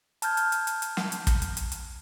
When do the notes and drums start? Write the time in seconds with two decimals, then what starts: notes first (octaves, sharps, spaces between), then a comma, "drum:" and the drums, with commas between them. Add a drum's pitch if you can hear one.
0.22 A5 F6 G6 G#6, drum: hi-hat
0.37 drum: hi-hat
0.52 drum: hi-hat
0.67 drum: hi-hat
0.82 drum: hi-hat
0.97 drum: snare
1.12 drum: hi-hat
1.27 drum: kick, hi-hat
1.42 drum: hi-hat
1.57 drum: hi-hat
1.72 drum: hi-hat